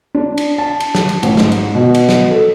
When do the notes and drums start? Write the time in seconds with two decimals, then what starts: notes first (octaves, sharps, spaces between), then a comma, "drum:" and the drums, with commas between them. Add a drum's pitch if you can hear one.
0.15 D4
0.38 drum: cymbal
0.58 A5
0.80 drum: cymbal
0.95 drum: snare
1.09 drum: cymbal
1.23 A1, drum: cymbal
1.37 G#2, drum: snare
1.52 drum: cymbal
1.75 B2
1.94 drum: cymbal
2.09 drum: snare
2.31 A4